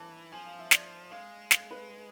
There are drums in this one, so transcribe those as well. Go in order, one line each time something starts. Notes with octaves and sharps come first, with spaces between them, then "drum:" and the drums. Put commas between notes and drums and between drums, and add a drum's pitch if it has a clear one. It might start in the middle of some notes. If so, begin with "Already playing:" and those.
Already playing: E3 A5
F3 G#5
F5
E5
D5, drum: snare
G#3 F5
F5, drum: snare
B4